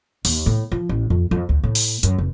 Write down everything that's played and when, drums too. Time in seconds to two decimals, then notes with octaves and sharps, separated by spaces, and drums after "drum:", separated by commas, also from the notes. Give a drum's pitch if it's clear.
0.25 D#2, drum: open hi-hat
0.46 A2
0.72 F3
0.89 A1
1.10 F2
1.31 F2
1.49 D2
1.64 A2
1.75 drum: open hi-hat
2.03 F#2, drum: hi-hat
2.18 F1